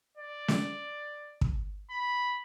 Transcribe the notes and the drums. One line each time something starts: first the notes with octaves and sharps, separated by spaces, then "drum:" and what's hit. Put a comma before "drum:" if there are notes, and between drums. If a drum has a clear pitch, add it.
D5
drum: snare
drum: kick
B5